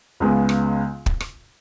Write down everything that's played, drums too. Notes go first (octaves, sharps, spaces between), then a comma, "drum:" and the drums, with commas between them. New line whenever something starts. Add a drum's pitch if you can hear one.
C#2 C#3 G#3 B3
drum: rim click
drum: kick
drum: rim click